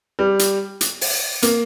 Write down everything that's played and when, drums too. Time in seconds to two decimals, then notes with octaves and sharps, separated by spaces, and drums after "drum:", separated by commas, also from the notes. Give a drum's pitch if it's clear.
0.19 G3
0.39 drum: hi-hat
0.81 drum: hi-hat
1.01 drum: open hi-hat
1.42 A#3, drum: hi-hat